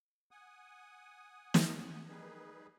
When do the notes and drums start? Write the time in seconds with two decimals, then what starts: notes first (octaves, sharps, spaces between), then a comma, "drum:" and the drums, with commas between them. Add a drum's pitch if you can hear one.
0.31 F#5 G#5 D#6
1.54 drum: snare
2.09 D#3 G3 D#4 G#4 B4